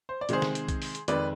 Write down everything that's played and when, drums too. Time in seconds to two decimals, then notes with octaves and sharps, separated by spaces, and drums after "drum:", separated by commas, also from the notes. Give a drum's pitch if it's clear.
0.09 C5
0.21 D5
0.29 C3 D#3 G#3 G#4 C5, drum: hi-hat
0.42 drum: snare
0.55 drum: hi-hat
0.68 drum: kick B1, hi-hat
0.82 drum: open hi-hat
0.95 drum: hi-hat
1.08 F2 D#3 G#3 B4 D5, drum: hi-hat